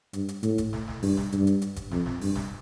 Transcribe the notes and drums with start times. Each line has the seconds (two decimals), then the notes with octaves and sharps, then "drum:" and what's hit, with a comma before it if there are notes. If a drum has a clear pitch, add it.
0.13 G2, drum: hi-hat
0.29 drum: hi-hat
0.43 A2, drum: hi-hat
0.58 drum: kick F#1, hi-hat
0.73 drum: snare
0.88 drum: snare
1.02 G2, drum: open hi-hat
1.17 drum: snare
1.32 G2, drum: hi-hat
1.47 drum: hi-hat
1.62 drum: hi-hat
1.76 drum: kick F#1, hi-hat
1.91 F2, drum: snare
2.06 drum: snare
2.21 G2, drum: open hi-hat
2.36 drum: snare